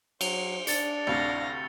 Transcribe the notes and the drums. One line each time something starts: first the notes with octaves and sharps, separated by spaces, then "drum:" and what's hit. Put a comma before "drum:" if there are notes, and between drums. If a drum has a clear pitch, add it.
F#3 C5 F7 G7, drum: cymbal
D4 A6 C#7, drum: hi-hat
D2 A2 C3 F5 A#6